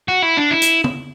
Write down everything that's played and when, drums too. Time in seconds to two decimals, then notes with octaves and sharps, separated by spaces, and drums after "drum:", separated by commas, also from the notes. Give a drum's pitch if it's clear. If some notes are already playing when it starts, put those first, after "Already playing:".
0.08 F#4
0.22 E4
0.37 D4
0.51 E4
0.62 drum: hi-hat
0.84 drum: tom